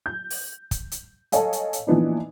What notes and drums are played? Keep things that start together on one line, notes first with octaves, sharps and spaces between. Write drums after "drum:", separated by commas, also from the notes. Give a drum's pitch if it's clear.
G6
drum: open hi-hat
drum: kick, hi-hat
drum: hi-hat
A4 C#5 D#5 F5 G#5, drum: hi-hat
drum: hi-hat
drum: hi-hat
A#2 E3 F3 B3 D4 D#4